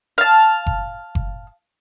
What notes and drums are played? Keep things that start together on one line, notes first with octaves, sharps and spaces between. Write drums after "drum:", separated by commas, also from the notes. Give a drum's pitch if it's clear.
F5 A5
drum: kick F#1
drum: kick F#1